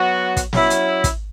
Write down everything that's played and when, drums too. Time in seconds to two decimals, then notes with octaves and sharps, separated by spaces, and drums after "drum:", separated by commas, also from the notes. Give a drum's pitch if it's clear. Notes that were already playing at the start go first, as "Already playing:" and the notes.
Already playing: F#3 B3 F#4
0.37 drum: kick, hi-hat
0.53 F#3 C#4 E4, drum: snare
0.70 drum: hi-hat
1.04 drum: kick, hi-hat